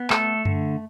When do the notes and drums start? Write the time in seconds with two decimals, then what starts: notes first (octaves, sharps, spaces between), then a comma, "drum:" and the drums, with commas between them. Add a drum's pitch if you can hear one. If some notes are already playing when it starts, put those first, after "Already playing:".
Already playing: B3
0.10 A3 A4, drum: clap
0.45 D3, drum: tom F#2